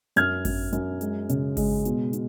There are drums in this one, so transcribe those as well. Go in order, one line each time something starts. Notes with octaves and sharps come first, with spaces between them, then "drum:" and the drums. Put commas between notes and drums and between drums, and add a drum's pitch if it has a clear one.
F#2 F6 G#6, drum: hi-hat
F#2, drum: kick G#1, open hi-hat
F#2, drum: hi-hat
G#3, drum: hi-hat
C#3, drum: hi-hat
G#3, drum: kick G#1, open hi-hat
B2, drum: hi-hat
B2, drum: hi-hat